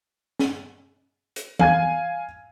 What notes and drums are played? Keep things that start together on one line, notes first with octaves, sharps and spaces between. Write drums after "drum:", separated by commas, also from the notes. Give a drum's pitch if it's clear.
drum: snare
drum: hi-hat
F5 G#5 G#6, drum: tom E3